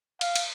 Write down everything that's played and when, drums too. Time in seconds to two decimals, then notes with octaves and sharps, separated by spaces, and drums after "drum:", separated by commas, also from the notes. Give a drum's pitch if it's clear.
0.21 F5, drum: cymbal
0.36 drum: cymbal